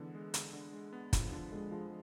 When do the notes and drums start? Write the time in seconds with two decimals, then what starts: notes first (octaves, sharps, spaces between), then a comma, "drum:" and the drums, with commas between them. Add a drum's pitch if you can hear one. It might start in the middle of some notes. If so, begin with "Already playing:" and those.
Already playing: D3 E3 G#3 B3
0.15 G#3
0.34 D3, drum: hi-hat
0.53 D3
0.73 G#3
0.93 B3
1.13 D3 F3, drum: kick, hi-hat
1.32 D3 F3
1.52 D3 G#3
1.72 F3 G#3